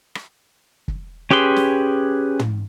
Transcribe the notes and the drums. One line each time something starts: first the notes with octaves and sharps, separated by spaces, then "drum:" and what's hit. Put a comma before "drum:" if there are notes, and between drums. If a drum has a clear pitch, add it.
drum: rim click
drum: kick
C#4 G4 G#4 B4 C6
drum: snare
drum: tom